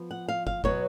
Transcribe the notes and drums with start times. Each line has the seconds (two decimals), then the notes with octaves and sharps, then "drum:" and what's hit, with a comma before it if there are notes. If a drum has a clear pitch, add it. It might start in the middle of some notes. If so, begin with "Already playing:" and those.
Already playing: F3 B3
0.11 F#5
0.28 F5
0.47 F5, drum: kick
0.64 B2 F#3 B3 C#5, drum: kick